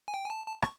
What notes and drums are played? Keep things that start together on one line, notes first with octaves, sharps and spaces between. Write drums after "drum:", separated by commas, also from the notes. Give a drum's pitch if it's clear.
G#5
G5
G#5
A5
A5
C#6, drum: rim click